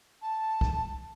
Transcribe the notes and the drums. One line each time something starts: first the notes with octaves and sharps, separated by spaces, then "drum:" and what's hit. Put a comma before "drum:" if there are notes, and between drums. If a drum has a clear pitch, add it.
A5
drum: kick